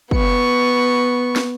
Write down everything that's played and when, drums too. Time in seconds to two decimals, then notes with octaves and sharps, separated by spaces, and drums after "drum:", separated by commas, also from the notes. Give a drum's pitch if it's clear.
0.11 B3 C#6, drum: kick
1.36 drum: snare